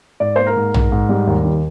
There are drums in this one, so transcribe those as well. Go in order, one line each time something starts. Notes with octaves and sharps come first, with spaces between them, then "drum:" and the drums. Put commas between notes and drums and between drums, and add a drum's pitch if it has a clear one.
G#2 D5
A#3 C5
A#4
G#2
G#2, drum: tom A#1
G#2
G3
D#2
D#3